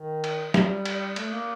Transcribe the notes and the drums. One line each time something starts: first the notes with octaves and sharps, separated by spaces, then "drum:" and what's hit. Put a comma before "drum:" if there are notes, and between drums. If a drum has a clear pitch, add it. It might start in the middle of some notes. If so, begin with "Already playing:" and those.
Already playing: D#3
drum: cymbal
G3, drum: snare
drum: cymbal
A3, drum: cymbal
A#3